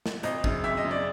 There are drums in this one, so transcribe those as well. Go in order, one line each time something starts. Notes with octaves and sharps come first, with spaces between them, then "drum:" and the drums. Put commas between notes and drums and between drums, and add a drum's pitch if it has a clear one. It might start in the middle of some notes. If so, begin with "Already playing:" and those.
drum: snare
G#1 D#5, drum: hi-hat
F#2 C#3, drum: kick
G#1 E5
D#5
F#2 C#3
D5